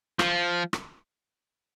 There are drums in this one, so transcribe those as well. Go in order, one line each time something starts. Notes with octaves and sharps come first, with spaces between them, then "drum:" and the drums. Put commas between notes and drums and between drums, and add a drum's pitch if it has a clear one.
F3, drum: rim click
drum: rim click